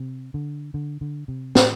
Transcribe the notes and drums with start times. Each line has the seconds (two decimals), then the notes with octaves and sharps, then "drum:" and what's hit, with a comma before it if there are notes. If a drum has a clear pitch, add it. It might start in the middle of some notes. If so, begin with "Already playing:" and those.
Already playing: C3
0.34 D3
0.74 D3
1.01 D3
1.28 C3
1.55 A2, drum: snare